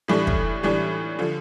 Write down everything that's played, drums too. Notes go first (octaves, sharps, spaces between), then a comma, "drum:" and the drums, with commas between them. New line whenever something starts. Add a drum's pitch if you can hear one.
A2 E3 G3 D4
drum: kick
A2 E3 G3 D4
D3 F3